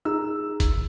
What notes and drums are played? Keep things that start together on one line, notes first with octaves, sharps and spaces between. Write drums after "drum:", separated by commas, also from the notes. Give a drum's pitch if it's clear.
D#4 G#4 E6
drum: kick G1, hi-hat